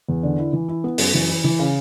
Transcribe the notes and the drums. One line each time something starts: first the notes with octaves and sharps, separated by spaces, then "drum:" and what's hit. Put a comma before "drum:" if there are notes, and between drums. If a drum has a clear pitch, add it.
E2
D3
E4
E3
E4
B3
F#2, drum: open hi-hat
E3
E4
E3
C#3